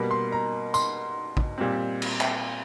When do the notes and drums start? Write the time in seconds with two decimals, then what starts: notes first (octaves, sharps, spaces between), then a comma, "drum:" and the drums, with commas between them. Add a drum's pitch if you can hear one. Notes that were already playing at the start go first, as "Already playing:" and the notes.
Already playing: B2 G3 A#3 B5
0.11 C6
0.32 A#5
0.74 C6, drum: tambourine
1.37 drum: kick
1.58 A#2 G3 C4
2.02 drum: cymbal
2.21 drum: clap